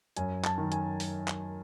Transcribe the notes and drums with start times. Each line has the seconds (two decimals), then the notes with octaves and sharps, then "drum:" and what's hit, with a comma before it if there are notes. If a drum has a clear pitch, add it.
0.17 F#2 G#5, drum: hi-hat
0.44 A5, drum: clap
0.58 D#3
0.72 G#5, drum: hi-hat
1.00 drum: open hi-hat
1.28 drum: clap